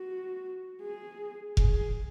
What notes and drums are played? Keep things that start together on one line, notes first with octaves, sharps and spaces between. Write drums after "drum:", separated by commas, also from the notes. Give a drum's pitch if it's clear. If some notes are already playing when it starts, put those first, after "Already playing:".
Already playing: F#4
G#4
G#4, drum: kick F1